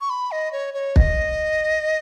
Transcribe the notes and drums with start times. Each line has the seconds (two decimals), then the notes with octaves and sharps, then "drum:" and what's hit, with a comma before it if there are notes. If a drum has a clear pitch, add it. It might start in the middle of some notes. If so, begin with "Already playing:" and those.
0.01 C#6
0.10 B5
0.32 D#5
0.53 C#5
0.74 C#5
0.96 D#5, drum: kick